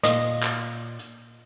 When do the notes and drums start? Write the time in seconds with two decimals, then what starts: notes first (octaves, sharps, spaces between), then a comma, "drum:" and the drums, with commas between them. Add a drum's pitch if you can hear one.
0.03 A#2 D#5, drum: snare
0.43 drum: clap
0.99 drum: hi-hat